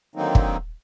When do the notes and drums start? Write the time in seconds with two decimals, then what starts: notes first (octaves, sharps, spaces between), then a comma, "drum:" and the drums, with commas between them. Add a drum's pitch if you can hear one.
0.15 D3 D#3 F#3 A#3 C4 D#4
0.35 drum: kick